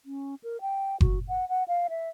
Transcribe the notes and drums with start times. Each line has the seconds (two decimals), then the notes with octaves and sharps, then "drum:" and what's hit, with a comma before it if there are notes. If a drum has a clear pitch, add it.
0.05 C#4
0.43 A#4
0.61 G5
1.01 F#4, drum: kick F#1
1.28 F#5
1.49 F#5
1.68 F5
1.90 E5